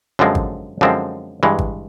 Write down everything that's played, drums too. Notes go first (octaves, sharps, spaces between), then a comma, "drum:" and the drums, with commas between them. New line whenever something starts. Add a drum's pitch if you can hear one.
F#2 D3 F3 G#3 C4
drum: kick G#1
F#2 D3 F3 G#3 C4
G2 E3 G#3
drum: kick G#1